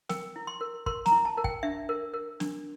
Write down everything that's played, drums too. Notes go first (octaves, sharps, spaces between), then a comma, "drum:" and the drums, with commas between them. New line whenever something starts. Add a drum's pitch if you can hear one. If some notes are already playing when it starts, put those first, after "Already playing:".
A#4 G5, drum: snare
E4
C6
A#4
A#4 C6, drum: kick
A#5, drum: snare
E4
A5
A#4
G5, drum: kick
D4 E5
A#4
A#4
D4, drum: snare